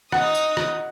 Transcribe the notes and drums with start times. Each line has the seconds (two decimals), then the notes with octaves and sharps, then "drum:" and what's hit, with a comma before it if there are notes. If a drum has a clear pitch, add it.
0.12 D#4 F#5 D#6, drum: rim click
0.35 drum: tambourine
0.57 drum: rim click